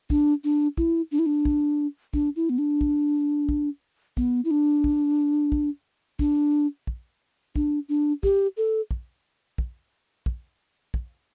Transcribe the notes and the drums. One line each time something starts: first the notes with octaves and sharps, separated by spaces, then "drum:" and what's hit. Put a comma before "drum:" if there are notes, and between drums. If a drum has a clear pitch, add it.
D4, drum: kick
D4
E4, drum: kick
D4
E4
D4
drum: kick
D4, drum: kick
E4
B3
D4
drum: kick
drum: kick
B3, drum: kick
E4
D4
drum: kick
drum: kick
D4, drum: kick
drum: kick
D4, drum: kick
D4
G4, drum: kick
A4
drum: kick
drum: kick
drum: kick
drum: kick